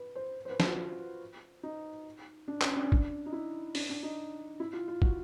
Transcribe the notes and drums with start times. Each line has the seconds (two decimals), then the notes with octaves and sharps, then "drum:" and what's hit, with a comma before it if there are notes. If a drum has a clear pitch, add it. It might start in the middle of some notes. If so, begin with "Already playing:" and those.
Already playing: B4
0.15 C5
0.45 C5
0.50 B4
0.60 F#4, drum: snare
0.64 F4
1.63 D#4
2.48 D4
2.61 C#4, drum: clap
2.76 D4
2.84 C#4
2.92 D4, drum: kick
3.26 D#4
3.33 E4
3.75 D4, drum: open hi-hat
3.89 D4
4.03 D#4
4.60 E4
4.73 F4
4.88 F4
5.02 F#4, drum: kick